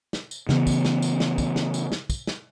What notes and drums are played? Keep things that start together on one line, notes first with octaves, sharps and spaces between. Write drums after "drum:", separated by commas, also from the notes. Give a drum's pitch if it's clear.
drum: snare
drum: tambourine
C#3 E3 B3, drum: snare
drum: kick, tambourine
drum: snare
drum: tambourine
drum: snare
drum: kick, tambourine
drum: snare
drum: tambourine
drum: snare
drum: kick, tambourine
drum: snare